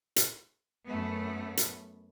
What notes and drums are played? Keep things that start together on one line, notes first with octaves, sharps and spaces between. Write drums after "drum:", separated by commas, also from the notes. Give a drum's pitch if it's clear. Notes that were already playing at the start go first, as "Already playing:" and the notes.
drum: hi-hat
F#2 A3 B3
drum: hi-hat